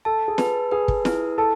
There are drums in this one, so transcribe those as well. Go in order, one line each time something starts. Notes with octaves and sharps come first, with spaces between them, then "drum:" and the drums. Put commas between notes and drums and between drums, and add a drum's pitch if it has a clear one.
A4 A5
G#4
B4, drum: snare
G#4 B4
drum: kick
E4, drum: snare
A4 A5